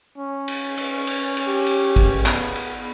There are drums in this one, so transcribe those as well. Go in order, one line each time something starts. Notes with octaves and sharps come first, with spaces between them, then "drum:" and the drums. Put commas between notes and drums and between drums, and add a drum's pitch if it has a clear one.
C#4
drum: cymbal
drum: cymbal
drum: cymbal
drum: cymbal
G4
drum: cymbal
drum: kick, cymbal
B3, drum: clap
drum: cymbal